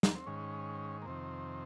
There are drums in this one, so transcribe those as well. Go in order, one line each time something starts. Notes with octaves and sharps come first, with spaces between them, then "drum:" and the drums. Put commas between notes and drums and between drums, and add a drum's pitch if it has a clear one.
A#3, drum: snare
C4
G#2 D#3 C#4
A#3
F2 C3 D#3 C4